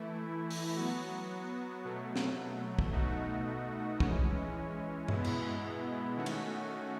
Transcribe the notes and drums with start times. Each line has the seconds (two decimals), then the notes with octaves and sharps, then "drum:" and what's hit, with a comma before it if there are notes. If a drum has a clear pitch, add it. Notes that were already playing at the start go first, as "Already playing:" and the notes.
Already playing: E3 A3 E4
0.50 drum: open hi-hat
0.76 F#3 B3 F#4
1.85 B2 F#3 A3
2.16 drum: snare
2.79 drum: kick
2.92 B2 A3 D#4 F#4
4.00 E3 G#3 C#4, drum: kick
5.08 B2 G#3 B3 E4, drum: tom G2
5.24 drum: cymbal
6.16 D#3 A3 C#4 F#4
6.26 drum: cymbal